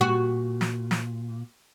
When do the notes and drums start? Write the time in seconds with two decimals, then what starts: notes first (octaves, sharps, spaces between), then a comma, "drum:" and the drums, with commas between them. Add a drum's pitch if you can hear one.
0.01 A#2 F#4
0.61 drum: snare
0.91 drum: snare